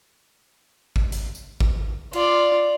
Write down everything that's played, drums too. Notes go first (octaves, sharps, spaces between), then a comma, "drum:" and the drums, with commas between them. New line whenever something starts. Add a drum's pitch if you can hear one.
drum: kick G#1
drum: hi-hat
drum: tambourine
drum: kick G#1
F4 D5, drum: cymbal